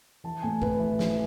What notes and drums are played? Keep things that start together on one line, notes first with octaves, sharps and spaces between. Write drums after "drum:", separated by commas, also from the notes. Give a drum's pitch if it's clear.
E3 A5
A2 G#5
A2 B4, drum: kick G1
E3
E3, drum: snare